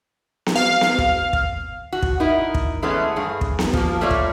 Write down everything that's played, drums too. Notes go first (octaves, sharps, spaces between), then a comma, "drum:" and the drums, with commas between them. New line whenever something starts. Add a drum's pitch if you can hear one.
drum: snare B3
F5
drum: snare B3
drum: kick
drum: kick
F#4
drum: kick
D#4 E4 A#4
drum: kick
E3 G#3 A3 B3 C#4
G2 G#4
drum: kick
drum: snare B3
F3 A#3, drum: kick
G3 A3 A#3 F4 C#5 D5
drum: kick